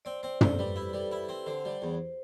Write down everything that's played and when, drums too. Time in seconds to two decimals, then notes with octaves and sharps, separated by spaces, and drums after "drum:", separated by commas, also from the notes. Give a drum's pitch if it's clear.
0.05 C4 D5
0.23 C4 C5
0.41 C4 A4, drum: tom
0.59 G3 B4
0.76 E4 G4
0.93 G3
1.00 A4
1.11 E4
1.24 C4 A4
1.46 D3 C5
1.65 G3
1.82 E2